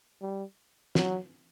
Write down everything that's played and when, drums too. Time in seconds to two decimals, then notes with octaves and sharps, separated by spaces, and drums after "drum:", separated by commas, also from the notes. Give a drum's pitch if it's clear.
0.21 G3
0.95 F#3, drum: snare